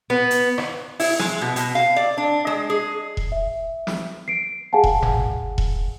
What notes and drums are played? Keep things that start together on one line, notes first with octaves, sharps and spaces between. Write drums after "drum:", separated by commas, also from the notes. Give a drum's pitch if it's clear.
B3
drum: hi-hat
drum: rim click
E4, drum: open hi-hat
G#3, drum: snare
B2
B2, drum: hi-hat
F5
D5
D4
G#3
G#4
drum: kick E1
E5
drum: snare
C7 D7
G#4 F5 F#5 G#5 A5
drum: kick E1
drum: tom G1
drum: kick E1